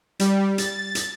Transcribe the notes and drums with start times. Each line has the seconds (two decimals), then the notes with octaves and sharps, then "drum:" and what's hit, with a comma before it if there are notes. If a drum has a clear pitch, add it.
0.20 G3, drum: hi-hat
0.58 A6, drum: hi-hat
0.95 drum: hi-hat